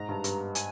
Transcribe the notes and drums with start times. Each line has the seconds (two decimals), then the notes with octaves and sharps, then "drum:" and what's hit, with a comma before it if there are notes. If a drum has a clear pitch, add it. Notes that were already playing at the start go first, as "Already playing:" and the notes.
Already playing: G#2 A#5
0.09 G2
0.24 G2, drum: hi-hat
0.55 G#5, drum: hi-hat